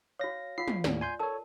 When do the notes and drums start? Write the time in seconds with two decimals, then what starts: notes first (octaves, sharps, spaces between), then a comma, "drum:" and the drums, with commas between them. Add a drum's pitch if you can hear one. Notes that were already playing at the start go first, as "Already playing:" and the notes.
0.19 F#4 C#5 F5 A#6
0.58 F4 F5 C7
0.68 drum: tom
0.84 D#2 A2 D5, drum: snare
1.01 G#5 C6 G6
1.19 A4 A#4 C#5 A5